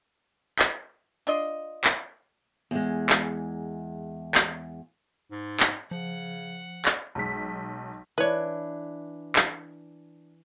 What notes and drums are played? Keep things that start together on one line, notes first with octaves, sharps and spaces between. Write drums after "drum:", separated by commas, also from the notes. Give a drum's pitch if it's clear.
drum: clap
D4 F4 D#5
drum: clap
E2 G#3
drum: clap
drum: clap
G#2
drum: clap
C#3 F3 F#5
drum: clap
B1 G#3 B6
E3 D4 B4 C#5
drum: clap